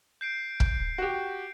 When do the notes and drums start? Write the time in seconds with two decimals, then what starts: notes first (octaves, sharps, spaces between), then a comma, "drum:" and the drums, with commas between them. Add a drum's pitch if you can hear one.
0.21 G6 C7 D7
0.60 drum: kick
0.98 F#4 G4